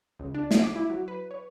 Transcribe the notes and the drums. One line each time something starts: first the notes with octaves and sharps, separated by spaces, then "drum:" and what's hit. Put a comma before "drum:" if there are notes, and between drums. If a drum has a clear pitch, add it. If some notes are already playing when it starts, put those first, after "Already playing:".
C#2
D4
G#5, drum: snare
D6
E4
F#3
B4
C#5